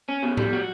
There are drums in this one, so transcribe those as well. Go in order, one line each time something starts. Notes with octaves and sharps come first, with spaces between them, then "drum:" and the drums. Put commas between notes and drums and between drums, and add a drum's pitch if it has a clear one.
C#4
B2
G3, drum: tom A2
F#4